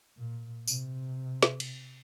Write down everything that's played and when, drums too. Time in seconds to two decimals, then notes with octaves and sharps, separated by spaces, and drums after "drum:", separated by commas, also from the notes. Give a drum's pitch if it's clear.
0.17 A#2
0.67 C3, drum: tambourine
1.43 drum: snare
1.60 drum: cymbal